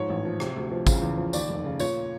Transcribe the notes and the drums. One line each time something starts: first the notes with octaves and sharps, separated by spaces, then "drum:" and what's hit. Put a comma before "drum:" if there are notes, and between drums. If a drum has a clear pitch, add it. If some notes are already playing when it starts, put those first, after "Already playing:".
Already playing: G#2 F3 C#5
A1
F3
C3, drum: rim click
D2
F3
C#3, drum: kick, tambourine
E2
F3
D#2 D5, drum: tambourine
F1
C#3
A#2 C#5, drum: tambourine